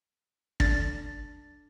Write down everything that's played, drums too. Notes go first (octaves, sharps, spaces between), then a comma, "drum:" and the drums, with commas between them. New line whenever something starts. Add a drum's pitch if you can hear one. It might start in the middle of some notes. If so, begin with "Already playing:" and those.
D4 A6, drum: kick